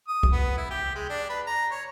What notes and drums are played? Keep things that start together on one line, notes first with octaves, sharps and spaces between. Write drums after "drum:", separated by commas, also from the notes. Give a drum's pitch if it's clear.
D#6
drum: kick C2
B3
E4
G4
G#3
D4
B4
A#5
C#5